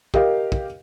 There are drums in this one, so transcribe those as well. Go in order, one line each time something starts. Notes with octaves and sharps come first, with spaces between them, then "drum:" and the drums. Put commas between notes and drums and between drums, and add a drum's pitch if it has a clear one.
G4 A#4 D#5 F5, drum: kick
drum: kick